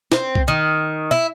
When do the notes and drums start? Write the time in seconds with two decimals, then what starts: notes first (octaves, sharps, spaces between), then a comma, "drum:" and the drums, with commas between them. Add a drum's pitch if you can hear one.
0.12 C4, drum: snare
0.35 drum: kick C2
0.48 D#3
1.11 E4